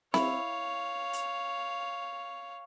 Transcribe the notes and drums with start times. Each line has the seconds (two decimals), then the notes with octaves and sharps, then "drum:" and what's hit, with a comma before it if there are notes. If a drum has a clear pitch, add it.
0.14 E4 C#5 F5, drum: snare C4
1.13 drum: hi-hat